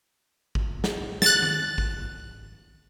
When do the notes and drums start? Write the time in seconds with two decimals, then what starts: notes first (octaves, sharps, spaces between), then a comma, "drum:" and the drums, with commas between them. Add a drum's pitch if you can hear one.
0.55 drum: kick G#1
0.84 drum: snare
1.22 F#6 A6, drum: snare
1.43 drum: tom D#3
1.78 drum: kick G#1